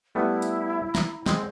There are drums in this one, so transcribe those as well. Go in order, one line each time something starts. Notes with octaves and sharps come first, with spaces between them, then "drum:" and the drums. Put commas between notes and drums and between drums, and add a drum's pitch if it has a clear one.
G3 A3 B3 E4
drum: hi-hat
A#5, drum: snare
G#3 C4 G#4, drum: snare